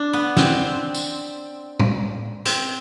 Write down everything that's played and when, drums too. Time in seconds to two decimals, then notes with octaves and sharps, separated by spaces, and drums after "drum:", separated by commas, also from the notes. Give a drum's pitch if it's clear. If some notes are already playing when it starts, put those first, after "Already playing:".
Already playing: D4
0.13 B3
0.37 C4, drum: snare
0.94 drum: tambourine
1.79 drum: tom
2.45 C4, drum: hi-hat